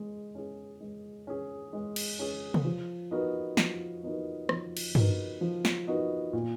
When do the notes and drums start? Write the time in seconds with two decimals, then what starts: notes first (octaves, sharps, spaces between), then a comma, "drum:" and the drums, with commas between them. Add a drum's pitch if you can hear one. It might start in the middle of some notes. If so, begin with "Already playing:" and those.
Already playing: G#3
0.35 C#4 G#4
0.81 G#3
1.27 C#4 G#4
1.73 G#3
1.96 drum: cymbal
2.19 C#4 G#4
2.54 drum: tom C3
2.65 F3
3.11 B3 D#4 F#4 A#4
3.57 F3, drum: snare
4.03 B3 D#4 F#4 A#4
4.49 F3, drum: rim click
4.77 drum: cymbal
4.95 B3 D#4 F#4 A#4, drum: tom G2
5.41 F3
5.65 drum: snare
5.87 B3 D#4 F#4 A#4
6.33 A#2